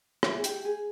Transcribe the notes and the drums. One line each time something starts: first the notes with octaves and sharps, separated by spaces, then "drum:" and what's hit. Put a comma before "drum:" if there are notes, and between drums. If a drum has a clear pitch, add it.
E4, drum: rim click
G#4
G4, drum: hi-hat
G#4